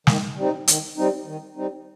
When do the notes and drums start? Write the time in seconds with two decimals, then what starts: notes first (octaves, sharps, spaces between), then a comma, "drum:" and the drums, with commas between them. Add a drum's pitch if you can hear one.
0.07 D#3, drum: snare
0.37 G3 C4 D#4
0.68 D#3, drum: hi-hat
0.97 G3 C4 D#4
1.26 D#3
1.56 G3 C4 D#4